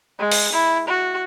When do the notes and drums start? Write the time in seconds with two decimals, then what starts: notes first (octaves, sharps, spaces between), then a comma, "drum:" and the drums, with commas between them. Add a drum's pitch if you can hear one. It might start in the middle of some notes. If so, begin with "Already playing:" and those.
0.19 G#3
0.32 drum: open hi-hat
0.53 E4
0.88 F#4